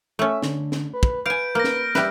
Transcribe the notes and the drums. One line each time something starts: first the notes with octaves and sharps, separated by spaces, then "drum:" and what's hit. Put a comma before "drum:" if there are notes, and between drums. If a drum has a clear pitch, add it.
A3 C#4 E5
D3, drum: snare
drum: snare
B4
drum: kick
B4 F5 G#5 G6 D7
A#3 F6 A#6
drum: snare
G3 B4 E5, drum: snare